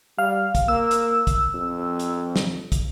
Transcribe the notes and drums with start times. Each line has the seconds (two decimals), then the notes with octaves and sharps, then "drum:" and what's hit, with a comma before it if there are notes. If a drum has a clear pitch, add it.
0.18 G3 F5
0.55 drum: kick, hi-hat
0.68 A#3 E6
0.91 drum: hi-hat
1.27 drum: kick, hi-hat
1.55 F2
1.99 drum: hi-hat
2.36 drum: snare
2.72 drum: kick, hi-hat